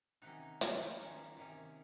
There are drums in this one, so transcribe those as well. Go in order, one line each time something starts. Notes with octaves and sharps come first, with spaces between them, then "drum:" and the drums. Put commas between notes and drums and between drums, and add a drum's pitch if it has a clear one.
C3 D#3 A#3 C#4 D#4 F#4
F3 A#3 C#4, drum: hi-hat
D#3 A#3 C#4
C3 D#3 A#3 C#4